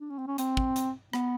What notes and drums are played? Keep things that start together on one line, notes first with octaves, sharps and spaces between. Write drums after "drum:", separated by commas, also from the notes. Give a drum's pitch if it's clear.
D4
C#4
C4
C#4
C4, drum: hi-hat
drum: kick
drum: hi-hat
B3, drum: rim click